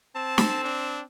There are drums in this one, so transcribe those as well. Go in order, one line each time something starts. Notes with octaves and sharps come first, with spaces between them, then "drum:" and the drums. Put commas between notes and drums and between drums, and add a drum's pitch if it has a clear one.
C4 A5
drum: snare
D4